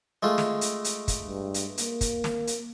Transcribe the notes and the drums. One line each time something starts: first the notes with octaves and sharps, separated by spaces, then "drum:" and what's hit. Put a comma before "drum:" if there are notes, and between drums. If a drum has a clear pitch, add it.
G#3 A3 F4
drum: snare
drum: hi-hat
drum: hi-hat
drum: kick, hi-hat
G2
drum: hi-hat
A#3, drum: hi-hat
drum: kick, hi-hat
drum: snare
drum: hi-hat